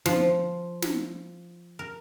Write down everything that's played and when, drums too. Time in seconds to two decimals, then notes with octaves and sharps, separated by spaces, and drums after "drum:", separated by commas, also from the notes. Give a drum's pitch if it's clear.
0.06 F3, drum: snare
0.82 drum: snare
1.79 A#4